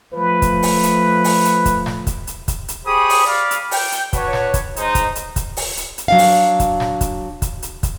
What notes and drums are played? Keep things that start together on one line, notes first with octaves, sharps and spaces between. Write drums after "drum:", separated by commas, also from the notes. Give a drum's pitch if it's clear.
F3 A3 B4
drum: kick, hi-hat
drum: open hi-hat
drum: hi-hat
drum: open hi-hat
drum: hi-hat
drum: kick, hi-hat
drum: snare
drum: kick, hi-hat
drum: hi-hat
drum: kick, hi-hat
drum: hi-hat
G4 G#4 C5 B5 C#6 D#6
drum: open hi-hat
D5 F5 B5
drum: hi-hat
G5, drum: open hi-hat
drum: hi-hat
D4 F#4 B4 C#5, drum: kick, hi-hat
drum: snare
drum: kick, hi-hat
G#3 D#4 C5, drum: hi-hat
drum: kick, hi-hat
drum: hi-hat
drum: kick, hi-hat
drum: open hi-hat
drum: hi-hat
drum: hi-hat
F#3 D4 F5
drum: open hi-hat
drum: kick, hi-hat
drum: snare
drum: kick, hi-hat
drum: kick, hi-hat
drum: hi-hat
drum: kick, hi-hat